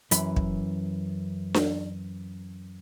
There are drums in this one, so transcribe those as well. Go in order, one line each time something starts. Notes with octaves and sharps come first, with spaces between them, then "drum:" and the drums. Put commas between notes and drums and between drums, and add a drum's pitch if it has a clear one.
F#2 E3 B5, drum: hi-hat
drum: kick
drum: snare D4